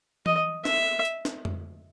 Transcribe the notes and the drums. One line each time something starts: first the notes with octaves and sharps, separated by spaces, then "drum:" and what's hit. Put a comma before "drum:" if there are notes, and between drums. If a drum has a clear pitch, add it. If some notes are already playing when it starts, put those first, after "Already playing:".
D#5, drum: tom E3
E5, drum: snare
drum: hi-hat
drum: snare
drum: tom F2